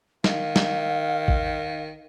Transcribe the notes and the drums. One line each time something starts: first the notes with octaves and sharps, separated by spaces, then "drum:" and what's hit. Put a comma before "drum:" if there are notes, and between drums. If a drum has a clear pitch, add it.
D#3 F5, drum: snare
drum: snare
drum: kick